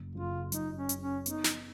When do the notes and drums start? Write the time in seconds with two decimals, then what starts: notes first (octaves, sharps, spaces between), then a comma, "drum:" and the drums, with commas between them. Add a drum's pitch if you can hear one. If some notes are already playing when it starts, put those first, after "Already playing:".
Already playing: F#1
0.15 F#1 F4
0.52 F#2 D#4, drum: hi-hat
0.76 C#4
0.89 C#3, drum: hi-hat
1.01 C#4
1.26 B3 D#4, drum: hi-hat
1.44 drum: snare